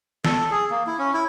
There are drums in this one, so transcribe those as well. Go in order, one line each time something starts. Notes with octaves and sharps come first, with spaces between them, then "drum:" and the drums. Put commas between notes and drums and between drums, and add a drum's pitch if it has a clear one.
A4, drum: snare
G#4
A#3
E4
C#4
E4